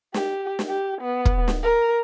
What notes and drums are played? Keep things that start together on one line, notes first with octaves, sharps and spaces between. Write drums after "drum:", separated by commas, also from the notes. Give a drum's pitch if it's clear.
G4, drum: snare
drum: snare
G4
B3
drum: kick
drum: snare
A#4